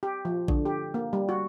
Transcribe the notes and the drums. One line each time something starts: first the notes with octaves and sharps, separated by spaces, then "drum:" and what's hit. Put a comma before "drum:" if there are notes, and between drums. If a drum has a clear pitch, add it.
G4
F3
D3, drum: kick A#1
G4
A#3
G3
F#4